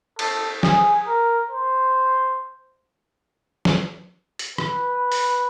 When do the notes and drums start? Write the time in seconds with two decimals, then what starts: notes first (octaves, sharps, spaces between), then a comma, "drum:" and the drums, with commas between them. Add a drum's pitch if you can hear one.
0.19 A4, drum: cymbal
0.63 G#4, drum: snare
1.07 A#4
1.51 C5
3.65 drum: snare
4.39 drum: hi-hat
4.58 B4, drum: rim click
5.12 drum: open hi-hat